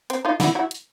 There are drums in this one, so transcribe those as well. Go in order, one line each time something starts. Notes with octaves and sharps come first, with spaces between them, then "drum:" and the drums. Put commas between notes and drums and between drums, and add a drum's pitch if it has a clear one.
C4, drum: hi-hat
D#4 F4
E4 F#4, drum: snare
E4 F#4
drum: hi-hat